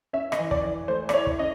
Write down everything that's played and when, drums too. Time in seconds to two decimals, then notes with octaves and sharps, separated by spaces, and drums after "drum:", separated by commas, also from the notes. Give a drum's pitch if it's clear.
0.13 C#4 E5
0.32 D#5, drum: rim click
0.38 E3
0.51 D5, drum: kick
0.64 E3
0.88 A3 C5
1.09 D5, drum: rim click
1.14 E4 C#5
1.27 drum: kick
1.39 C#4 D#5